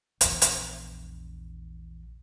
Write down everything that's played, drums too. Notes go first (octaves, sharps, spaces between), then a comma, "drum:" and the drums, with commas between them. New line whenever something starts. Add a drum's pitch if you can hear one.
A#1 E2, drum: hi-hat
drum: hi-hat